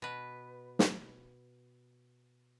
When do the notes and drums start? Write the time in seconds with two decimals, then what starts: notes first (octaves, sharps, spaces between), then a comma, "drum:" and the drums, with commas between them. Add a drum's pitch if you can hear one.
0.02 B2 B4
0.79 drum: snare